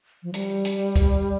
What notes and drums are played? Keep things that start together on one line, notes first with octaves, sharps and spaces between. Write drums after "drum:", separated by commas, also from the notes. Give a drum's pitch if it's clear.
F3
G3, drum: hi-hat
drum: hi-hat
drum: kick, hi-hat